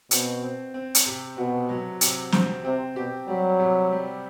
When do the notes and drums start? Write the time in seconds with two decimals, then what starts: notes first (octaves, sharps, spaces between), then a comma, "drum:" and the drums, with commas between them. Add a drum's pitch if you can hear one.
0.11 B2 C4, drum: hi-hat
0.43 C4
0.74 C4
0.95 drum: hi-hat
1.06 C3
1.37 B2 F#4
1.69 F#3
2.01 C3, drum: hi-hat
2.32 C4, drum: snare
2.64 C3 C4
2.96 B2 G4
3.28 F#3 G3
3.59 C3
3.91 G3